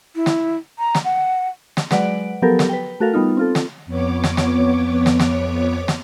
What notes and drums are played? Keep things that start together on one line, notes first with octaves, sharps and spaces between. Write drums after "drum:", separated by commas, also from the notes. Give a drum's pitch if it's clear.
E4
drum: snare
A#5
drum: snare
F#5
drum: snare
F#3 G#3 B4 D5 F#5 D7, drum: snare
F3 F#3 B3 G4 A4 A#4
drum: snare
B4 G5
A3 F#4 A4 A#4 F5
G3 B3 D#4 F4
C4 F4 A4
drum: snare
F2 B3 C#5 D6
drum: snare
drum: snare
drum: snare
drum: snare
drum: snare